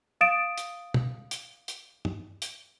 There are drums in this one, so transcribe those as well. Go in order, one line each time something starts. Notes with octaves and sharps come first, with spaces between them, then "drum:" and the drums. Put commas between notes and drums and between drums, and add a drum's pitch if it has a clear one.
F5 D#6 A6 D7 E7
drum: hi-hat
drum: tom
drum: hi-hat
drum: hi-hat
drum: tom
drum: hi-hat